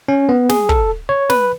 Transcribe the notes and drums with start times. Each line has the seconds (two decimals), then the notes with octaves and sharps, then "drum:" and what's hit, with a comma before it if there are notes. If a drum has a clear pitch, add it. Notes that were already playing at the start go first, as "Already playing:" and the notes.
0.08 C#4
0.29 B3
0.49 G#4, drum: snare
0.69 A4, drum: kick
1.09 C#5
1.30 B4, drum: snare